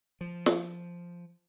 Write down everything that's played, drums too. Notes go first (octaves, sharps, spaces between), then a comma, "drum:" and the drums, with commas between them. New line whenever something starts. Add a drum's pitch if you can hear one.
F3
drum: snare